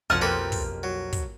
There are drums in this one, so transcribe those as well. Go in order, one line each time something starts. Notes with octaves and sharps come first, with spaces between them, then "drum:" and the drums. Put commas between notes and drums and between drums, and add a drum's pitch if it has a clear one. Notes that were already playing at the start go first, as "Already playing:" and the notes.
B1 F2 F3 F#5 G#5 A5 F6
A#3 C4 F4 G4 A4 B4
drum: kick, open hi-hat
F#3
drum: kick, hi-hat